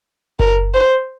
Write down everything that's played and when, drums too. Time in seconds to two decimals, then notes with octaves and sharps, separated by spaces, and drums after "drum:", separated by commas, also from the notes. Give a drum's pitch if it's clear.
0.40 A#4, drum: kick F#1
0.74 C5